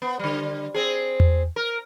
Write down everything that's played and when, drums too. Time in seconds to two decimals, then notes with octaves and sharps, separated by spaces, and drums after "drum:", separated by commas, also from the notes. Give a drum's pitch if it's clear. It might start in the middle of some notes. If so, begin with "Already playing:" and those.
0.02 B3
0.19 D3 G3
0.74 C4 G#4
1.20 drum: tom E2
1.56 A#4